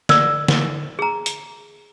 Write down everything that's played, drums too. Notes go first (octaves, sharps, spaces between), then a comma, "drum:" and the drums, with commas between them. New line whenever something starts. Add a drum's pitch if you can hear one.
D5 E6, drum: snare
drum: snare
G#4 A#5
drum: hi-hat